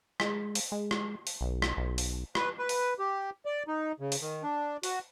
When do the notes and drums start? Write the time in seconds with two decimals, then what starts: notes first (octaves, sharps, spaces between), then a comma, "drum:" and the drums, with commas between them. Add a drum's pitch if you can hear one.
0.20 G#3, drum: rim click
0.55 drum: open hi-hat
0.72 G#3
0.91 drum: rim click
1.27 drum: open hi-hat
1.41 B1
1.62 drum: rim click
1.77 B1
1.98 drum: open hi-hat
2.35 B4, drum: rim click
2.58 B4
2.69 drum: open hi-hat
2.99 G4
3.45 D5
3.68 D#4
4.00 C#3
4.12 drum: open hi-hat
4.21 D#3
4.43 D4
4.83 F#4, drum: open hi-hat